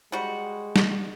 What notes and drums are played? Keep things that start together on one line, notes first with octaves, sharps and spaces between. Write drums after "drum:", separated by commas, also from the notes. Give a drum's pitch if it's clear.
G3 G#3 F#4
drum: snare